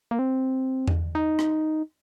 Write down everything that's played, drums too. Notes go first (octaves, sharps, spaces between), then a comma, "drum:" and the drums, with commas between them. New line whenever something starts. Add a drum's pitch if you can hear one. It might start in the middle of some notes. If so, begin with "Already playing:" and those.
A#3
C4
drum: tom E2
D#4
drum: rim click